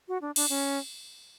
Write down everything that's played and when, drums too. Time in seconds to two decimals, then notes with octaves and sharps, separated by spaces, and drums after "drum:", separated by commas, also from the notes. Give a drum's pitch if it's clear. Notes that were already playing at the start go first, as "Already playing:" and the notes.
0.08 F#4
0.21 D4
0.36 D4, drum: cymbal
0.49 C#4